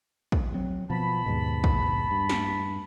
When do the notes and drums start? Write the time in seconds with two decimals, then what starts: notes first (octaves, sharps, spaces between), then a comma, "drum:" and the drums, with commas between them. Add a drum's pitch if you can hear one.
0.32 drum: kick
0.54 F#3 C4
0.90 B2 F3 B3 A5 B5
1.26 D#2 G#2 B2
1.64 drum: kick
2.11 G2
2.29 drum: snare